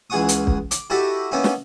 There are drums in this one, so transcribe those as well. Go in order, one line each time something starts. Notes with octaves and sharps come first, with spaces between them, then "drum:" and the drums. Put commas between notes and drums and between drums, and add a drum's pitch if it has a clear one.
C#2 E3 G#4 F#5 C#6 D#6
drum: hi-hat
drum: kick
D6, drum: hi-hat
E4 F#4 G4 A4 D#5 E5
A#3 B3 C#4 D#4 E4
drum: snare